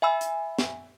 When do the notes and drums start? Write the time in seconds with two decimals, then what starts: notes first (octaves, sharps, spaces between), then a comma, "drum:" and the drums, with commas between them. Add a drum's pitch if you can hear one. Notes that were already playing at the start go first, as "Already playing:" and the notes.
0.02 E5 G#5 B5 E6
0.21 drum: hi-hat
0.59 drum: snare